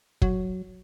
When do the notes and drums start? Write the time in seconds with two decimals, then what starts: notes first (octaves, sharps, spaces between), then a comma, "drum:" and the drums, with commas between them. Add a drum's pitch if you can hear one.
0.22 F#3, drum: kick